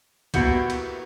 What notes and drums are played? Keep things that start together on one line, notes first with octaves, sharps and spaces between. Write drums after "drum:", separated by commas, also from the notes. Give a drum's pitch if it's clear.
A#3 B3 E4 F#4 G4, drum: kick C2, cymbal
drum: cymbal